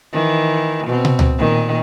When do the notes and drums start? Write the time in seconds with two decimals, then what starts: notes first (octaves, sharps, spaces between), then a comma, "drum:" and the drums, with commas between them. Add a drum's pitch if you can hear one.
0.12 D#3 E3
0.87 B2 C4
1.05 drum: tom
1.19 drum: tom C#2
1.38 A#2 D#3